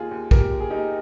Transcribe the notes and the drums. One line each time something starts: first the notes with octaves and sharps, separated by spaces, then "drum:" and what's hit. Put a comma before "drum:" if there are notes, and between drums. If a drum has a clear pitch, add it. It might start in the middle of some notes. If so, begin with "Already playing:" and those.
Already playing: D#2 F4 G#4
D#2
D#2 G4 A#4, drum: kick
D#2
G#4
D#2 D#4 G4